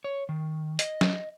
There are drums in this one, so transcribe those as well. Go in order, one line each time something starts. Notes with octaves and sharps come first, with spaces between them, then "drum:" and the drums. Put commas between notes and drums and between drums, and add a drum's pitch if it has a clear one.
C#5
D#3
D#5, drum: hi-hat
drum: snare F#3